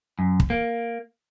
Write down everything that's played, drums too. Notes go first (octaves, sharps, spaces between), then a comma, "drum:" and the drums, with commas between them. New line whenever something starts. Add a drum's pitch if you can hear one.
F#2
drum: kick
A#3